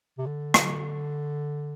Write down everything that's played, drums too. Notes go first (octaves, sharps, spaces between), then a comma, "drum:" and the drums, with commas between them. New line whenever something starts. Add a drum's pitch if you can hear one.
C3
D3
drum: rim click